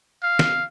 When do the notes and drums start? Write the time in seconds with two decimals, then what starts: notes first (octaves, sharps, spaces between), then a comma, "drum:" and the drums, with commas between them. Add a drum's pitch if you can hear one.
0.23 F5
0.39 drum: snare